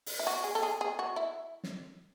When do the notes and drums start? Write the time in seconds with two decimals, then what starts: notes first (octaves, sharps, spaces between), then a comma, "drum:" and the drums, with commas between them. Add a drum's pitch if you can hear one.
0.06 drum: open hi-hat
0.19 E4
0.27 F#4
0.44 G#4
0.55 A4
0.63 G#4
0.81 G#4
0.99 F#4
1.16 E4
1.64 drum: snare